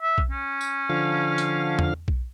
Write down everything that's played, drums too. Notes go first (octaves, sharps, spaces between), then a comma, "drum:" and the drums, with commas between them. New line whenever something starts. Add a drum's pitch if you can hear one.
E5
drum: kick B1
C#4
drum: tambourine
D3 F3 F5
drum: hi-hat
drum: tom
drum: kick B1